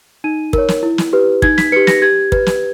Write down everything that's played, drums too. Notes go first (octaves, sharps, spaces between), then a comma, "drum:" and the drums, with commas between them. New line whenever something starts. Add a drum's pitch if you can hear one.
D#4 D#7
A#4 C#5, drum: kick
drum: snare
E4
drum: snare
G4 B4
D#4 G#6, drum: kick
B6, drum: snare
G4 B4 C#7
A#6, drum: snare
G4 G#6
B4, drum: kick
drum: snare